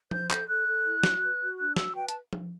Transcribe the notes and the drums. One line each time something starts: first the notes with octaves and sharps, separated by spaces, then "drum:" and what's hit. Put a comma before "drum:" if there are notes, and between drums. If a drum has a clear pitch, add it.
C5 G6, drum: tom F3
A4 G6, drum: clap
A4 F#6
A4
E4
F#4, drum: snare
B4
F#4
D4 F#6
F#4 E6, drum: snare
B4 G5
A5, drum: hi-hat
drum: tom F3